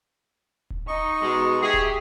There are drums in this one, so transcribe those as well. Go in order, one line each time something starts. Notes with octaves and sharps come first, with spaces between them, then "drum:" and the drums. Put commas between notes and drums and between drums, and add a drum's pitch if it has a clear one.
drum: kick D#1
D#4 D#5 C#6
B2 G#3
G4 G#4 E5
drum: kick D#1